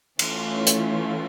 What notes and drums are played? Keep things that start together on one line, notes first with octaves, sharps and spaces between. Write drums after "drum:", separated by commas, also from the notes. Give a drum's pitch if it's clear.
E3 A3 C#4 F4, drum: cymbal
drum: hi-hat